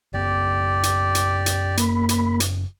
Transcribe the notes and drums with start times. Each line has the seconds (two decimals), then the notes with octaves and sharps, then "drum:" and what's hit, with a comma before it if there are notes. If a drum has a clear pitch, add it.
0.14 F#1 F#2 B3 G4 D5
0.83 drum: hi-hat
1.15 drum: hi-hat
1.46 drum: hi-hat
1.77 A#3 B5, drum: hi-hat
2.09 drum: hi-hat
2.40 drum: hi-hat